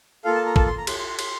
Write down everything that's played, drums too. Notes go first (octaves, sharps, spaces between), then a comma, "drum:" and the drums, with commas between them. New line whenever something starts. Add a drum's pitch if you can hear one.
A#3 F4 A4 F5
A5
A#5
A5, drum: kick
C6
A#5
C6, drum: cymbal
C6
C6
C6, drum: cymbal